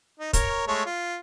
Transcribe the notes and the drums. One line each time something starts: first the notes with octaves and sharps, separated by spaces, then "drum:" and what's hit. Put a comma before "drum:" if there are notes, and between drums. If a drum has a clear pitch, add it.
D#4
A#4 C#5, drum: kick, hi-hat
G#3 A3 C#5
F4